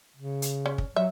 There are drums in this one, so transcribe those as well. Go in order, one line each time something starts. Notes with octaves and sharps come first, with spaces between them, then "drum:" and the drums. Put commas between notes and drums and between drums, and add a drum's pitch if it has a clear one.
C#3
drum: hi-hat
C#4
drum: kick
F#3 E5